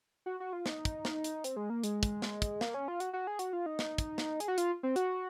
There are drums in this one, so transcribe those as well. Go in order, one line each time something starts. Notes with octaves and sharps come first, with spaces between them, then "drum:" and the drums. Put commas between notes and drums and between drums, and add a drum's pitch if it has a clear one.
F#4
F#4
F4
D#4, drum: snare
drum: kick, hi-hat
drum: snare
drum: hi-hat
C4, drum: hi-hat
G#3
A#3
G#3, drum: hi-hat
drum: kick, hi-hat
drum: snare
drum: kick, hi-hat
A#3, drum: snare
C#4
F4
F#4, drum: hi-hat
F#4
G#4
F#4, drum: hi-hat
F4
D#4
drum: snare
drum: kick, hi-hat
drum: snare
G#4, drum: hi-hat
F#4
F4, drum: hi-hat
C4
F#4, drum: hi-hat